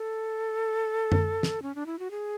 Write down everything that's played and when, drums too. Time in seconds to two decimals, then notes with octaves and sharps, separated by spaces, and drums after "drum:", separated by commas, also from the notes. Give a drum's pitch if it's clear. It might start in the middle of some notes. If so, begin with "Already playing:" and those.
Already playing: A4
1.12 drum: tom F#2
1.43 drum: snare
1.62 C#4
1.75 D4
1.86 E4
1.99 F#4
2.11 G#4